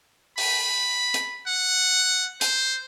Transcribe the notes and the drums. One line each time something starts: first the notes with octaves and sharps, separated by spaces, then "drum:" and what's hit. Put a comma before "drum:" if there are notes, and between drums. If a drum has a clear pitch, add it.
B5, drum: open hi-hat
drum: hi-hat
F#5
C5, drum: hi-hat